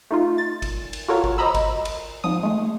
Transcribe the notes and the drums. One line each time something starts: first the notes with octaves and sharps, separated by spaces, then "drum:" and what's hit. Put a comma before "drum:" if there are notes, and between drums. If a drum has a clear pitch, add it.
A3 D#4 F4
A6
drum: kick G#1, cymbal
drum: cymbal
F4 F#4 A4 A#4 C#5
drum: kick G#1
C5 D#5 A#5 B5 E6
drum: kick G#1, cymbal
drum: cymbal
G#1 G#2 F3 D#6
G#3 A3